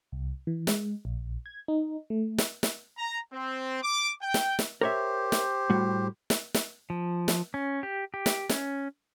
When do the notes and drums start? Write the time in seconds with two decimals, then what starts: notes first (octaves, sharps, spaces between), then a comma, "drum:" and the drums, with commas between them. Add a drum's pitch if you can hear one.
0.12 C2
0.47 E3
0.67 G#3, drum: snare
1.05 A#1
1.46 G#6
1.68 D#4
2.10 A3
2.38 drum: snare
2.63 drum: snare
2.96 A#5
3.32 C4
3.82 D6
4.21 G5
4.34 drum: snare
4.59 drum: snare
4.81 G4 A#4 C5 C#5 E5
5.32 drum: snare
5.70 A2 G3 F#4
6.30 drum: snare
6.54 drum: snare
6.90 F3
7.28 drum: snare
7.54 C#4
7.83 G4
8.14 G4
8.26 drum: snare
8.49 C#4, drum: snare